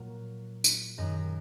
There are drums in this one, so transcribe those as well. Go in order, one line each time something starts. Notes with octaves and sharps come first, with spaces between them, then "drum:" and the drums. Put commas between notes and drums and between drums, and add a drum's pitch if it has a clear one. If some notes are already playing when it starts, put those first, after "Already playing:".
Already playing: A#2 F#3 A#4
drum: tambourine
F#2 D#3 F#3 D#5